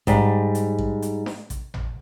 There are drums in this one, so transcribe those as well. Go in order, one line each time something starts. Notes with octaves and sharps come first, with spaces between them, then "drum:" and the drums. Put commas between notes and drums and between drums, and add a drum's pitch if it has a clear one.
G#2 G3, drum: kick, hi-hat
drum: hi-hat
drum: kick
drum: hi-hat
drum: snare D4
drum: kick, hi-hat
drum: tom G#1